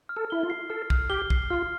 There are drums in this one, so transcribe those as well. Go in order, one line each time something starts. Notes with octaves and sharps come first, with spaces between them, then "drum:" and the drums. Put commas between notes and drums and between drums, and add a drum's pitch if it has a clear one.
F6
A4
E4 G7
F4
C7
A4 F6
F6, drum: kick
G4 G7
C7, drum: kick
F4 F6